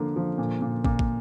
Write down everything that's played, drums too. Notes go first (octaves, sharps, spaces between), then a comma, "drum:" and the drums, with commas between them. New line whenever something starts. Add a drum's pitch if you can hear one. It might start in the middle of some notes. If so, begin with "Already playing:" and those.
Already playing: D3 F3 A#3
F3
A#2
A#2
A#2, drum: kick
drum: kick